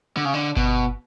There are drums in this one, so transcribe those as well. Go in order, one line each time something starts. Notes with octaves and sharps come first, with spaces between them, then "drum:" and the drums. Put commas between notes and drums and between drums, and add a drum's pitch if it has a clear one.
D3
C#3
D3
B2, drum: kick G1